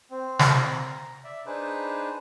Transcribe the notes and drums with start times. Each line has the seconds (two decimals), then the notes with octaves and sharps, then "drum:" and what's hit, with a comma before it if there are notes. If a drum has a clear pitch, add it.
0.11 C4
0.39 drum: snare
0.70 A#5
1.24 D5 E5
1.46 D4 D#4 G#4 B4 C5